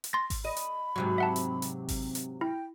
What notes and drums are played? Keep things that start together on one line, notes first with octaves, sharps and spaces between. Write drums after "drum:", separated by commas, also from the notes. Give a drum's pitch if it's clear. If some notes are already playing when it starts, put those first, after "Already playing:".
drum: hi-hat
C6 A6 A#6
drum: kick G#1, open hi-hat
D#5 B5
drum: hi-hat
G#2 C3 F#3
E5 F#5 A5
drum: hi-hat
drum: hi-hat
drum: kick G#1, open hi-hat
drum: hi-hat
E4 G5